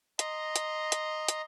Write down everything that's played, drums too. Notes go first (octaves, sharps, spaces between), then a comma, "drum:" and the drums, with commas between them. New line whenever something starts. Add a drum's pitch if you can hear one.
D#5 A#5 C6, drum: hi-hat
drum: hi-hat
drum: hi-hat
drum: hi-hat